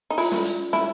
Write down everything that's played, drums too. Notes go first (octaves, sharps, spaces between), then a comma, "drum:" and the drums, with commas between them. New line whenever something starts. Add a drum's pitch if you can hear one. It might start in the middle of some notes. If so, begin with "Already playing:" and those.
D#4
E4 F4, drum: open hi-hat
drum: snare
drum: hi-hat
E4, drum: snare